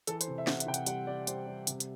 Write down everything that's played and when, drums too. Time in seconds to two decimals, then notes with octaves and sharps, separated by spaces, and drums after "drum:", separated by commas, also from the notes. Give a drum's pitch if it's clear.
0.07 E3 A4, drum: hi-hat
0.21 C5, drum: hi-hat
0.28 C3
0.38 E5
0.47 C3 F#5, drum: snare
0.60 E5, drum: hi-hat
0.67 C3 G5
0.74 F#5, drum: hi-hat
0.87 G3 F#5, drum: hi-hat
1.07 G3 D5
1.27 G3 C5, drum: hi-hat
1.47 G3
1.67 C3, drum: hi-hat
1.80 drum: hi-hat